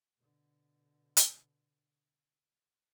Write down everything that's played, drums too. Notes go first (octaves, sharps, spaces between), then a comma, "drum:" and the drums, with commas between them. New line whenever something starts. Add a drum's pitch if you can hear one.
B2 D3
drum: hi-hat